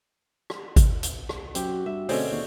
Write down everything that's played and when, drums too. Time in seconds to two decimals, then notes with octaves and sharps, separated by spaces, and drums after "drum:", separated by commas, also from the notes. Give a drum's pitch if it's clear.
0.50 drum: rim click
0.76 drum: kick G#1, hi-hat
1.03 drum: hi-hat
1.29 drum: rim click
1.55 F#2 C4 F#4 G4, drum: hi-hat
1.86 G2 E5
2.09 D2 B2 D3 C4 C#4 G#4, drum: open hi-hat
2.31 D#2 C#5